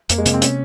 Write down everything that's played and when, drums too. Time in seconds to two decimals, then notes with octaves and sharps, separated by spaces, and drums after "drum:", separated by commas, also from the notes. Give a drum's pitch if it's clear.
0.09 F2 A#3, drum: hi-hat
0.18 G#3
0.26 C3 A#3, drum: hi-hat
0.33 C4
0.42 C#4, drum: hi-hat